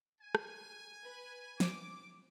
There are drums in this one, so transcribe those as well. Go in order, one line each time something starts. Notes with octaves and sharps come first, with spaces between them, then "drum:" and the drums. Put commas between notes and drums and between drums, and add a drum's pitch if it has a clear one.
G#5
drum: rim click
B4
D6, drum: snare